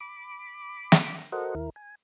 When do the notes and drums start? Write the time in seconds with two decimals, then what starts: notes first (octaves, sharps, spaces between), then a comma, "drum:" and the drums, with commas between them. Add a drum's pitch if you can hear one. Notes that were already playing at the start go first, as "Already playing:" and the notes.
0.01 B5 D6
0.92 drum: snare
1.32 F#4 A4 A#4 C5 D#5 F#5
1.55 D#2 E4 A#4
1.76 G#5